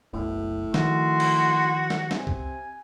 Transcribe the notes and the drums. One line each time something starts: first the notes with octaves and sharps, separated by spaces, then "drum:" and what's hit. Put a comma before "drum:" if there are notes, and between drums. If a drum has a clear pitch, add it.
F#1 B1 A2
D#3 F3 F#4 C6, drum: snare
drum: cymbal
drum: snare
C3 G#5, drum: snare
drum: kick C2